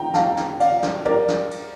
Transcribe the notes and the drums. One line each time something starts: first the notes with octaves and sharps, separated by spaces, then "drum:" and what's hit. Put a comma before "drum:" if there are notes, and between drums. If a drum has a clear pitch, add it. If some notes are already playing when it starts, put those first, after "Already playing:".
Already playing: G5 A#5
F5 A5, drum: snare
drum: snare
D5 F5, drum: cymbal
drum: snare
A#4 D5, drum: tom
drum: snare
drum: cymbal